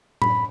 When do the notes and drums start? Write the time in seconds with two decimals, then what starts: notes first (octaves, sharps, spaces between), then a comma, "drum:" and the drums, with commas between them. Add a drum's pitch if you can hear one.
0.22 B5, drum: tom A2